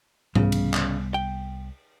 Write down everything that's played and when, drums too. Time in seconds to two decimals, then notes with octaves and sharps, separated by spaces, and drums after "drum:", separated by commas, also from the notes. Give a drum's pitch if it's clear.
0.35 C2 C#3 G3 B3, drum: tom G#2
0.52 drum: cymbal
0.74 drum: clap
1.14 G5